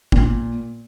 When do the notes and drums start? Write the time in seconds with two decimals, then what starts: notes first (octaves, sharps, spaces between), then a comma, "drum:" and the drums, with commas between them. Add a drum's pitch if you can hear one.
0.12 A#2, drum: kick